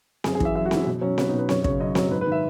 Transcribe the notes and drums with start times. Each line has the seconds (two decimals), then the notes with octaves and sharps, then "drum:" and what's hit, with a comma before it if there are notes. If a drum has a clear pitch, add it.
0.24 F#2 G#4, drum: snare C4
0.35 G#4
0.40 E3 E5, drum: kick
0.55 F#2 E5
0.66 F#4
0.71 G#3, drum: snare C4
0.77 E4
0.86 B2
1.01 F#3 C#4
1.18 F#3 B3, drum: snare C4
1.28 D#4
1.33 B2
1.39 B4
1.49 F#2 C#5, drum: snare C4
1.64 C#3 C#5, drum: kick
1.80 F#2 D#5
1.95 F#3 C#5, drum: snare C4
2.11 G#2 B4
2.21 B4
2.27 D#3 E5